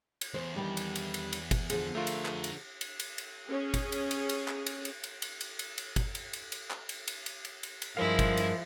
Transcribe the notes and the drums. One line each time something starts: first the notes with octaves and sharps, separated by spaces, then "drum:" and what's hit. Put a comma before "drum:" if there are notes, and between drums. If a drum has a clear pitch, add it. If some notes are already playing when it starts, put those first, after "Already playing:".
drum: cymbal
E2 C5
D#3 G3 D4
drum: cymbal
drum: cymbal
drum: cymbal
drum: cymbal
drum: kick, cymbal
D3 F3 G#4, drum: cymbal
A3 F4 A#4 C#5
drum: cymbal
drum: clap
drum: cymbal
drum: cymbal
drum: cymbal
drum: cymbal
C#4 G#4
drum: kick, cymbal
drum: cymbal
drum: cymbal
drum: cymbal
drum: clap
drum: cymbal
drum: cymbal
drum: cymbal
drum: cymbal
drum: cymbal
drum: cymbal
drum: cymbal
drum: kick, cymbal
drum: cymbal
drum: cymbal
drum: cymbal
drum: clap
drum: cymbal
drum: cymbal
drum: cymbal
drum: cymbal
drum: cymbal
drum: cymbal
G2 F3 G#3 E4 A#4 F5
drum: kick, cymbal
drum: cymbal